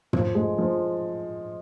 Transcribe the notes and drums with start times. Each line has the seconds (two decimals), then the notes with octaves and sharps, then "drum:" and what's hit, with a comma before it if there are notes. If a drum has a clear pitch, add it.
0.13 F3, drum: tom
0.35 G#3
0.58 F3